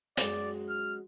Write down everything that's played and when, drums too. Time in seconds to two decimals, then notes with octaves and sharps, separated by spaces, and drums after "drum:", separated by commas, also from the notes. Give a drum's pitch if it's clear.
0.17 F#2 G#3 F#4 D5, drum: hi-hat
0.70 F6